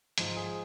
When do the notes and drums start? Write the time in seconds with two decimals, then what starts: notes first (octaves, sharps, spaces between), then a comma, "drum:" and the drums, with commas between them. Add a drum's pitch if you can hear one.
0.18 G#2 F3, drum: hi-hat
0.36 G#4